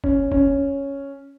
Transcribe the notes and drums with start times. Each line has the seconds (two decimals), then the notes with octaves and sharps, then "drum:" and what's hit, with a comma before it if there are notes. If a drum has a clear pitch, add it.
0.04 C#4, drum: kick F1
0.32 C#4, drum: kick F1